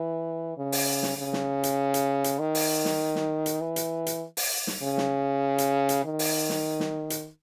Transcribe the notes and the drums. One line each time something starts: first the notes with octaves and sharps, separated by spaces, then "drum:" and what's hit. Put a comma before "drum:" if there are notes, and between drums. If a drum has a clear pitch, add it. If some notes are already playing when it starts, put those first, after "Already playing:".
Already playing: E3
C#3
drum: open hi-hat
drum: snare
C#3
drum: snare
drum: hi-hat
drum: hi-hat
drum: hi-hat
D#3
drum: open hi-hat
drum: snare
drum: snare
drum: hi-hat
E3
drum: hi-hat
drum: hi-hat
drum: open hi-hat
drum: snare
C#3
drum: snare
drum: hi-hat
drum: hi-hat
D#3
drum: open hi-hat
drum: snare
drum: snare
drum: hi-hat